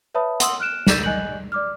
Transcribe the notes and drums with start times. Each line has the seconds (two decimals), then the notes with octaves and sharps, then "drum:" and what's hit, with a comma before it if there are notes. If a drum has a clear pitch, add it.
0.15 B4 C#5 E5 A5 B5 D#6
0.40 F#5 C6 D#6 E6 F#7, drum: hi-hat
0.60 F6 F#6 D7 E7
0.87 E6 G6 A6 B6 D#7 E7, drum: snare
1.03 D#5 G#5 F#6 G6 F#7
1.52 D5 D6 F6